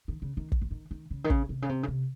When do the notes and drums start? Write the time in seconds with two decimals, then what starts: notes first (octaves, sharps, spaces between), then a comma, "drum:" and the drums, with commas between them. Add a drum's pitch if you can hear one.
0.08 D#3
0.22 C#3
0.37 D#3
0.52 drum: kick
0.61 F3
0.71 D#3
0.91 D#3
1.11 C#3
1.24 D#3
1.30 C#3, drum: kick
1.49 C3
1.62 C#3
1.69 C3
1.83 C#3
1.88 C3